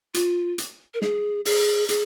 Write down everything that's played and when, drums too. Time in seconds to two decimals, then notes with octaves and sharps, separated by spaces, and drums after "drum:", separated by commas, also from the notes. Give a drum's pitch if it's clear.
0.14 F4, drum: hi-hat
0.58 drum: hi-hat
0.94 A#4
1.02 G#4, drum: snare
1.45 G#4, drum: open hi-hat
1.89 G#4, drum: hi-hat